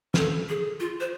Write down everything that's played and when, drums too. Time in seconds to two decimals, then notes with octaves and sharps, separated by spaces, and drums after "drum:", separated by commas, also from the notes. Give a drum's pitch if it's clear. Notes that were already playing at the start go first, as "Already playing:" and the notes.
0.14 A#4, drum: snare
0.17 A4
0.49 G#4
0.80 F4
1.00 C5